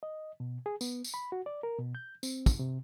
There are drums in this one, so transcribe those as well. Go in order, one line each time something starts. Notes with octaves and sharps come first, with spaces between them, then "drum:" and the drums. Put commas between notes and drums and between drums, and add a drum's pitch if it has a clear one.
D#5
B2
G#4
B3, drum: tambourine
drum: tambourine
B5
F#4
D5
A#4
B2
G6
C4, drum: tambourine
drum: kick, tambourine
C3